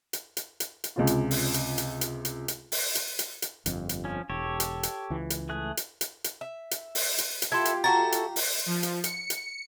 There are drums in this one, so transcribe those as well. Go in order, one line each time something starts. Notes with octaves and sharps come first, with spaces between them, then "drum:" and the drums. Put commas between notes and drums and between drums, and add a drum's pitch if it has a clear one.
drum: hi-hat
drum: hi-hat
drum: hi-hat
drum: hi-hat
C#2 C3 F4
drum: hi-hat
drum: open hi-hat
drum: hi-hat
drum: hi-hat
drum: hi-hat
drum: hi-hat
drum: hi-hat
drum: open hi-hat
drum: hi-hat
drum: hi-hat
drum: hi-hat
G1 F2, drum: hi-hat
drum: hi-hat
F3 C#4
E1 G4 A4 C#5
drum: hi-hat
drum: hi-hat
C#2 E3
drum: hi-hat
A3 G#4 F#6
drum: hi-hat
drum: hi-hat
drum: hi-hat
E5
drum: hi-hat
drum: open hi-hat
drum: hi-hat
drum: hi-hat
E4 F4 G4 A4 E5 C6 G#6
drum: hi-hat
E4 F#4 A4 A#5 A6
drum: hi-hat
drum: open hi-hat
F3
drum: hi-hat
C#7, drum: hi-hat
drum: hi-hat